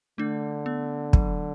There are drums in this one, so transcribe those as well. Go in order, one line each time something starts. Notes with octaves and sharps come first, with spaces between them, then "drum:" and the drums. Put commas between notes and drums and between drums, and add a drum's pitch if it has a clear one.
D3 A3 D4
B3
F#3, drum: kick